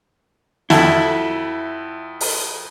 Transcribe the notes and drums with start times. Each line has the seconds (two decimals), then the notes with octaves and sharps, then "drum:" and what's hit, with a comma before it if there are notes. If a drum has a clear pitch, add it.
0.70 F2 E4 F#4 A4, drum: snare
2.21 drum: open hi-hat